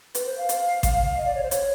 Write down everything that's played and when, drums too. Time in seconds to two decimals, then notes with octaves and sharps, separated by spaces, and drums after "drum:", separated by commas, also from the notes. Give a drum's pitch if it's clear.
0.15 B4, drum: hi-hat
0.26 C5
0.38 F5
0.49 drum: hi-hat
0.83 drum: kick A1, hi-hat
1.18 D#5
1.26 D5
1.35 C#5
1.44 C5
1.51 C#5, drum: hi-hat